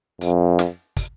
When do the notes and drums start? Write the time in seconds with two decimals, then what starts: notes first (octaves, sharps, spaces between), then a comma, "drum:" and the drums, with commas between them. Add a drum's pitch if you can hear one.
0.21 F2, drum: hi-hat
0.59 drum: snare
0.97 drum: kick, hi-hat